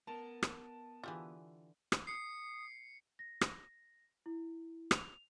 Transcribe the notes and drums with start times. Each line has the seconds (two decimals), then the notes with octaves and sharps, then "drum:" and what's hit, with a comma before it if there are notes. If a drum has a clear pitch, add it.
0.07 B3 A#4 A5
0.43 drum: rim click
1.03 D3 E3 F4 G4 G#4
1.92 drum: rim click
2.07 D#6 C7 C#7
3.19 A#6
3.41 drum: rim click
4.26 E4
4.91 F7, drum: rim click